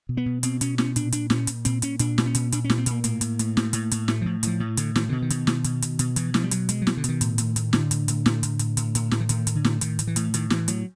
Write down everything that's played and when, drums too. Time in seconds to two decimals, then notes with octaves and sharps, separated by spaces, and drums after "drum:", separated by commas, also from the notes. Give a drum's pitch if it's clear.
0.09 B2
0.17 B3
0.26 B2
0.43 B2 C4, drum: hi-hat
0.61 B2 C#4, drum: hi-hat
0.78 B2 C#4, drum: snare
0.96 A#2 D4, drum: hi-hat
1.12 A#2 D4, drum: hi-hat
1.30 A#2 C#4, drum: snare
1.47 A#2, drum: hi-hat
1.65 A#2 C4, drum: hi-hat
1.82 A#2 C#4, drum: hi-hat
1.99 A#2 D4, drum: hi-hat
2.18 A#2, drum: snare
2.26 C#4
2.35 A#2, drum: hi-hat
2.52 A#2 D4, drum: hi-hat
2.64 C#4
2.70 A#2, drum: snare
2.78 C4
2.86 A#2 A#3, drum: hi-hat
3.04 A2 A#3, drum: hi-hat
3.21 A2, drum: hi-hat
3.39 A2, drum: hi-hat
3.57 A2, drum: snare
3.73 A2, drum: hi-hat
3.91 A2, drum: hi-hat
4.08 A2 A3, drum: snare
4.21 A2 F3
4.43 A2 F3, drum: hi-hat
4.60 A2
4.77 A2 D3, drum: hi-hat
4.96 A2 D#3, drum: snare
5.09 B2 D3
5.22 D#3
5.30 B2, drum: hi-hat
5.47 B2, drum: snare
5.64 B2, drum: hi-hat
5.82 B2, drum: hi-hat
5.99 B2, drum: hi-hat
6.16 B2 E3, drum: hi-hat
6.34 B2 F3, drum: snare
6.43 G3
6.51 B2 F#3, drum: hi-hat
6.69 B2 G#3, drum: hi-hat
6.82 F#3
6.87 B2, drum: snare
6.97 D3
7.04 B2 D#3, drum: hi-hat
7.21 A2, drum: hi-hat
7.38 A2, drum: hi-hat
7.56 A2, drum: hi-hat
7.73 A2 D3, drum: snare
7.91 A2, drum: hi-hat
8.08 A2, drum: hi-hat
8.26 A2, drum: snare
8.43 A2, drum: hi-hat
8.59 A2, drum: hi-hat
8.77 A2, drum: hi-hat
8.95 A2, drum: hi-hat
9.11 A2, drum: snare
9.20 E3
9.29 A2 D#3, drum: hi-hat
9.47 A2, drum: hi-hat
9.55 D3
9.64 A2, drum: snare
9.81 A2 D#3, drum: hi-hat
9.99 A2, drum: hi-hat
10.07 E3
10.16 A2, drum: hi-hat
10.34 A2 D#3, drum: hi-hat
10.50 A2 E3, drum: snare
10.68 A2 F#3, drum: hi-hat